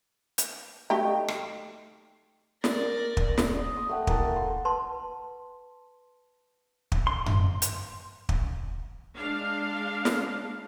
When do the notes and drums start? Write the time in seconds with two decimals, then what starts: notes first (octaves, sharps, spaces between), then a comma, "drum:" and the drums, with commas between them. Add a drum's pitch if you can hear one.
0.38 drum: hi-hat
0.90 A3 D#4 G4
1.28 drum: rim click
2.64 A#4 D5, drum: snare
3.17 drum: kick
3.38 drum: snare
3.57 D#5
3.76 C6 D#6
3.89 A3 F#5 G5
4.07 A#3 E4 A4 F#5, drum: kick
4.23 A4
4.36 C6
4.65 B4 A5 C6
6.92 drum: kick
7.07 C6
7.26 drum: tom F#2
7.62 drum: hi-hat
8.29 drum: kick
9.16 G#3 D4 F5
10.05 drum: snare